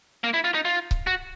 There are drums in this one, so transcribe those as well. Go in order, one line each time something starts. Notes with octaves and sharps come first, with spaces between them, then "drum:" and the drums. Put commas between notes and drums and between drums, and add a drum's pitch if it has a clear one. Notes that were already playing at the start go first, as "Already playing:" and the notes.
A#3
E4
F4
D#4
F4
drum: kick C#1
F#4